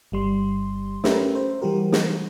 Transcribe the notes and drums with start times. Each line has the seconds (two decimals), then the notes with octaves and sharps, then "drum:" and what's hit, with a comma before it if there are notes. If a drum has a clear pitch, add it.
0.12 G1 G3 C6
1.04 A3 C#4 G4 A#4 B4 E5, drum: snare
1.35 C5
1.62 E3 G3 F#4 G4 A#4
1.92 drum: snare